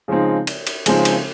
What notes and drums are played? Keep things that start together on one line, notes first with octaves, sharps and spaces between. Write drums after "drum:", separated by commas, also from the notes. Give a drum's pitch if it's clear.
C#3 F3 G#3 C4 D#4
drum: cymbal
drum: cymbal
C#3 F3 G#3 C4 D#4, drum: cymbal
drum: cymbal